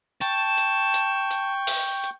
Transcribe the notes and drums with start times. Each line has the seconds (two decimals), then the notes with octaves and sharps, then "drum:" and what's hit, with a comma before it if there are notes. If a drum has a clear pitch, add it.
0.21 G5 A5 C#6, drum: hi-hat
0.58 drum: hi-hat
0.94 drum: hi-hat
1.31 drum: hi-hat
1.67 drum: open hi-hat
2.04 drum: hi-hat